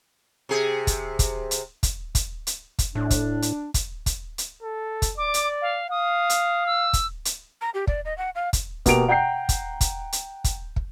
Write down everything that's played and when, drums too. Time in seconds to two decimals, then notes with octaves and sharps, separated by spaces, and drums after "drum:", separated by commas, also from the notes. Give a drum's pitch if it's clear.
0.49 C3 G#4
0.87 drum: kick, hi-hat
1.19 drum: kick, hi-hat
1.51 drum: hi-hat
1.83 drum: kick, hi-hat
2.15 drum: kick, hi-hat
2.47 drum: hi-hat
2.79 drum: kick, hi-hat
2.95 A2 D4
3.10 drum: kick, hi-hat
3.42 drum: hi-hat
3.74 drum: kick, hi-hat
4.06 drum: kick, hi-hat
4.38 drum: hi-hat
4.63 A4
5.02 drum: kick, hi-hat
5.18 D5 D6
5.34 drum: hi-hat
5.62 F5
5.91 F5 D#6
6.30 drum: hi-hat
6.66 E6
6.93 drum: kick, hi-hat
7.25 drum: hi-hat
7.61 A#5
7.74 G4
7.87 D5, drum: kick
8.05 D#5
8.18 F#5
8.35 F5
8.53 drum: kick, hi-hat
8.86 B2 A#3 G4 D7 F7, drum: kick, hi-hat
9.08 F#5 G5 A#5 G6 C7
9.49 drum: kick, hi-hat
9.81 drum: kick, hi-hat
10.12 drum: hi-hat
10.44 drum: kick, hi-hat
10.76 drum: kick